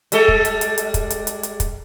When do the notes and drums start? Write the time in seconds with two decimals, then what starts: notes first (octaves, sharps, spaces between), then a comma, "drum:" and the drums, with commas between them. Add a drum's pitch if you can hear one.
0.12 G3 G#3 A4, drum: hi-hat
0.28 drum: kick
0.45 drum: hi-hat
0.61 drum: hi-hat
0.78 drum: hi-hat
0.94 drum: kick, hi-hat
1.10 drum: hi-hat
1.27 drum: hi-hat
1.43 drum: hi-hat
1.60 drum: kick, hi-hat